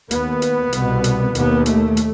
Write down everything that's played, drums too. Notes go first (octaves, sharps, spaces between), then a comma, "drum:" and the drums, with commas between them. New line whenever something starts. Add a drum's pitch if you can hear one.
D#2 B3, drum: hi-hat
drum: hi-hat
C2 B2, drum: hi-hat
drum: hi-hat
D#2 B3, drum: hi-hat
A3, drum: hi-hat
drum: hi-hat